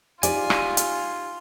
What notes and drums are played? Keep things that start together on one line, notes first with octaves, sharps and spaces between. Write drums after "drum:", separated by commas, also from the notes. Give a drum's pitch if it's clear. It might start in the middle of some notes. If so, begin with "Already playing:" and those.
D#4 F4 G4 D5 G#5, drum: hi-hat
drum: rim click
drum: hi-hat